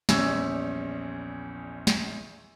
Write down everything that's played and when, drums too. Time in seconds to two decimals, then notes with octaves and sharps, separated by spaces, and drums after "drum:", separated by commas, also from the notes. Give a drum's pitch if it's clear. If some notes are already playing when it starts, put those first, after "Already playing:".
0.09 A#1 E2 G3 C#4 E6 G#6, drum: snare
1.87 drum: snare